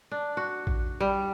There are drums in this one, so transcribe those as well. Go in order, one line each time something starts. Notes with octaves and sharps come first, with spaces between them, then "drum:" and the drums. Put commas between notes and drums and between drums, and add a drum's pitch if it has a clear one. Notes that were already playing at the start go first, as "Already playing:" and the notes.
D4
F#4
drum: kick A1
G3